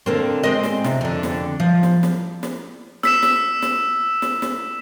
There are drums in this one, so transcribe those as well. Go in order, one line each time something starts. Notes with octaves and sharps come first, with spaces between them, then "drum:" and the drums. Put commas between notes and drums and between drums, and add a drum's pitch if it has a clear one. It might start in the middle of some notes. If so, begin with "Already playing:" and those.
D3 A#3 C4
G#3 C4 D#5
drum: snare
C3, drum: snare
F2 D3
drum: snare
F3
drum: snare
drum: snare
drum: snare
E6 B6 E7, drum: snare
drum: snare
drum: snare
drum: snare
drum: snare